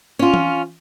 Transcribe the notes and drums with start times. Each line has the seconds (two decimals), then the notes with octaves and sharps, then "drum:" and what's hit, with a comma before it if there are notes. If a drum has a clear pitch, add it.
0.19 C#4 F4
0.34 drum: tom E3